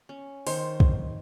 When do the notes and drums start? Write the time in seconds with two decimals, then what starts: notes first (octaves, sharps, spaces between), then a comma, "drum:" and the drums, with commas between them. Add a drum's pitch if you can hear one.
0.09 C#4
0.47 D#3 C5 C#5 C6, drum: open hi-hat
0.80 drum: kick